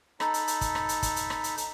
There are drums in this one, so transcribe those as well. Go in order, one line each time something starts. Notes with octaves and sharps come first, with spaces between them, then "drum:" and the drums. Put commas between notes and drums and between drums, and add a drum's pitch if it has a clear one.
D#4 A4 B5, drum: rim click
drum: hi-hat
drum: hi-hat
drum: kick, hi-hat
drum: rim click
drum: hi-hat
drum: kick, hi-hat
drum: hi-hat
drum: rim click
drum: hi-hat
drum: hi-hat